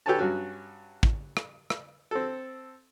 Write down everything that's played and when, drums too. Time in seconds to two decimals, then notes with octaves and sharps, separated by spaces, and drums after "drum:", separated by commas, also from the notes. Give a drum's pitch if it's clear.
0.06 G4 A4 B4 C#5 G#5 A5
0.19 G2 F#3 C#4 F#4
1.03 drum: kick
1.37 drum: rim click
1.70 drum: rim click
2.11 C4 A4